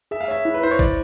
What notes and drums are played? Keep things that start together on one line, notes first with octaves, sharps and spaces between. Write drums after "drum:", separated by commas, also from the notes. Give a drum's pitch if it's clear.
G#4 E5
F5
C#5 E5
E4
B4
E4 C5
C#5
C5 D5, drum: kick